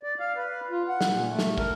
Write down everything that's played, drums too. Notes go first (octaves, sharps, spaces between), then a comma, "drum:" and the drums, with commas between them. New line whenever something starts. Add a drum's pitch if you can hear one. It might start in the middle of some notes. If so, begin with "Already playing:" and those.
D5
F5
B4
F4
F#5
drum: snare
A#2
A3
drum: snare
A#4, drum: kick